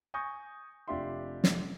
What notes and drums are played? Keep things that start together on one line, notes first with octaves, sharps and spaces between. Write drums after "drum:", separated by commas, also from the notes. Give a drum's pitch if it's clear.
G#5 C#6 D#6 G6 A#6
F1 D4 F4 G4 E5 C6
drum: snare